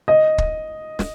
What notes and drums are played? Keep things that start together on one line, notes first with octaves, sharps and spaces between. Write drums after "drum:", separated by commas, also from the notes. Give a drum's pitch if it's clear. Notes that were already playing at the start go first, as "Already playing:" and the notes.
D#5
drum: kick
drum: snare